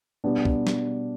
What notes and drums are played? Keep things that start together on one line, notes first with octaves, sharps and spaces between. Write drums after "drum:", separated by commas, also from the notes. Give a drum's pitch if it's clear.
B2 G3 B3 D4
drum: kick
drum: snare